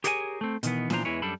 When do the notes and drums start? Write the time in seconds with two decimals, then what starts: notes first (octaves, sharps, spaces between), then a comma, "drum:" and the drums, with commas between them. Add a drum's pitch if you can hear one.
0.04 G4 G#4 A#4 C#5 F#5 G#5, drum: hi-hat
0.41 A3 C4
0.63 B2 D#3 E3 B3, drum: hi-hat
0.90 A#2 E3 F3 D4 C5 A#5, drum: snare B3
1.05 E2 E3 G#3 E4 B4 C#5
1.22 F#2 G3 D4 A4 B5